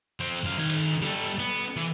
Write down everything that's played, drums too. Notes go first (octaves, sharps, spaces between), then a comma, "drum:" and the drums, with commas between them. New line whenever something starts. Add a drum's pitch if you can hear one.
F3 C4, drum: tambourine
F#2 F5
D#3 G#5
drum: cymbal
G3 A4
B3
E3